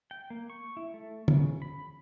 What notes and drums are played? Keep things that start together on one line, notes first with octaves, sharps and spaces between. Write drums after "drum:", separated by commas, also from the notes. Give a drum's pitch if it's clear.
G5
A#3
C#6
E4
A3
C#3, drum: tom
B5